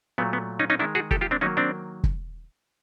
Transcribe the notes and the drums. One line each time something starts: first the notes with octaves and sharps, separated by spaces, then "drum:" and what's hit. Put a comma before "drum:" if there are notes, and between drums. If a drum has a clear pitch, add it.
A#2 F#3 A3 B3
B3
C#4 D#4
C#4 D#4
D#3 G#3 D4 E4
F#4 G#4
G4 A4, drum: kick
F4 G4
C4 D4
D#3 F#3 A#3 C#4 D#4
C4 D4
drum: kick